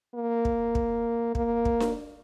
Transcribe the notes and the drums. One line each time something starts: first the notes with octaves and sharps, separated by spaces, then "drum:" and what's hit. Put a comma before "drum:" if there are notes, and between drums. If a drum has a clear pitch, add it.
A#3
drum: kick
drum: kick
A#3, drum: kick
drum: kick
drum: snare D4